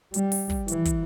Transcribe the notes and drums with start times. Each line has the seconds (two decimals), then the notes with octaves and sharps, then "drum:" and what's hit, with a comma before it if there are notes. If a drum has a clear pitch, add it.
0.14 G3, drum: hi-hat
0.32 drum: open hi-hat
0.50 drum: kick
0.68 E3, drum: hi-hat
0.85 drum: kick, hi-hat